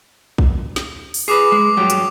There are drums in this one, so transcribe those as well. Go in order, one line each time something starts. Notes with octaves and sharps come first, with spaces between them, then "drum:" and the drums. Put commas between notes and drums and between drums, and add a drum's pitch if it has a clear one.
drum: kick A#1
drum: snare
drum: open hi-hat
G#4 B4 D6 D#6 C7
G#3
G2 F#3 G4
drum: hi-hat